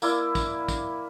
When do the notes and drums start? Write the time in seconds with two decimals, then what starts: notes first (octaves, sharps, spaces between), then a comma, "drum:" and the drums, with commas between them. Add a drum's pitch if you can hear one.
0.02 A#3 E4 D5, drum: tambourine
0.35 drum: kick, tambourine
0.68 drum: kick, tambourine